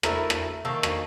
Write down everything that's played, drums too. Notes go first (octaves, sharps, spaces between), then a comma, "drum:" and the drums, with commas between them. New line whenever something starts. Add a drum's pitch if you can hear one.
A3 E4 A#4, drum: rim click
drum: rim click
D#3 A#3 C#4 A4
drum: rim click